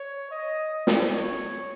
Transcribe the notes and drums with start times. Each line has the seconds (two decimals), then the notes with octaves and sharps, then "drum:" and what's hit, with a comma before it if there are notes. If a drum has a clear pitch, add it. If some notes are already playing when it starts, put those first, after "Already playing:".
Already playing: C#5
0.31 D#5
0.87 drum: snare
1.15 C#5